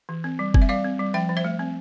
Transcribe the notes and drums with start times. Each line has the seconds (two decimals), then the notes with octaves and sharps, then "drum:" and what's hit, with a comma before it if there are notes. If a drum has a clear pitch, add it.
0.09 E3
0.24 C4
0.39 G3
0.54 C4, drum: kick F#1
0.62 E5
0.69 G3 D5 F5
0.84 C4
0.99 G3
1.14 F3 E5 G5
1.29 F3
1.37 C5 E5
1.44 A3
1.59 C4